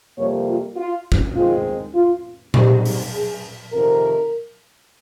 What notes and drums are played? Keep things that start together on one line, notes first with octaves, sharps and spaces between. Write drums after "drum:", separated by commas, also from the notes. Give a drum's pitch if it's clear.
F2 C3 G3 A#3 C#5
F4
F4
drum: kick
D#3 G#3 C4 F4
F4
G#2 G3 C4 G4, drum: tom A#2
drum: open hi-hat
G#4
F2 C3 D#3 A#4